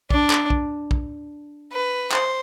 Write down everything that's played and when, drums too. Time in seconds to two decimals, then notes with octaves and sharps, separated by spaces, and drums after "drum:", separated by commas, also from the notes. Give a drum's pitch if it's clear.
0.10 D4, drum: kick B1
0.30 drum: clap
0.50 drum: kick B1
0.91 drum: kick B1
1.72 B4
2.12 C5, drum: clap